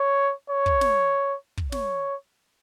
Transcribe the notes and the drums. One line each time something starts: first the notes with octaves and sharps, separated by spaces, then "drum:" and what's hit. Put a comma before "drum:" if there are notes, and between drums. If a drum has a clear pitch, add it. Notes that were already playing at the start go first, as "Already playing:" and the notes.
Already playing: C#5
C#5
drum: kick
drum: snare
drum: kick
C#5, drum: snare